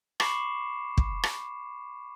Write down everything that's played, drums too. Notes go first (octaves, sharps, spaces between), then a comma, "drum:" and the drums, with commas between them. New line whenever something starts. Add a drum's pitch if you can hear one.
B5 C#6 D6 C7 C#7 E7, drum: rim click
drum: kick
drum: rim click